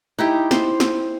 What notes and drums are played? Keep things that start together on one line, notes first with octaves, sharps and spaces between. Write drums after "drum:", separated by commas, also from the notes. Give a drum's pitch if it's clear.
D#4 E4 G4
C5, drum: snare
drum: snare